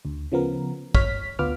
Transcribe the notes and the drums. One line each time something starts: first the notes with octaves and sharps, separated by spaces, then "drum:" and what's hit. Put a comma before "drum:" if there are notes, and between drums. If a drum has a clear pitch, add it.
D2
C#3 F3 B3 A#4
C#5 F6 B6, drum: kick
D2 B3 F4 B4 D6 F6